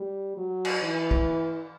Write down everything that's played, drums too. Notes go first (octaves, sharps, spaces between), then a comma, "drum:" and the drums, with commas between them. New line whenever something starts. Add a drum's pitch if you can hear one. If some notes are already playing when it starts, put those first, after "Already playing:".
Already playing: G3
F#3
drum: cymbal
E3
drum: kick